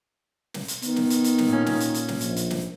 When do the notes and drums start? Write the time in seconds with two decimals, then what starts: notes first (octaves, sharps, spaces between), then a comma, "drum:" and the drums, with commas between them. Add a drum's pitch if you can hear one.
0.54 drum: snare
0.68 drum: hi-hat
0.82 D#3 B3, drum: hi-hat
0.96 drum: snare
1.10 drum: hi-hat
1.24 drum: hi-hat
1.38 drum: snare
1.48 A#2 C#4
1.66 drum: snare
1.80 drum: hi-hat
1.94 drum: hi-hat
2.08 drum: snare
2.21 A#1, drum: hi-hat
2.36 drum: hi-hat
2.50 drum: snare